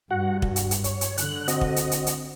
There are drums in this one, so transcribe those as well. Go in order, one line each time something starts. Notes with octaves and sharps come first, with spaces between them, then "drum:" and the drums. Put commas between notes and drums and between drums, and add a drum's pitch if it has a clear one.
G2 F#4 F#5
F#4, drum: kick
drum: hi-hat
drum: hi-hat
C#5, drum: hi-hat
drum: hi-hat
D3 F#6, drum: hi-hat
C4 F#4 D#5, drum: hi-hat
drum: kick
drum: hi-hat
drum: hi-hat
drum: hi-hat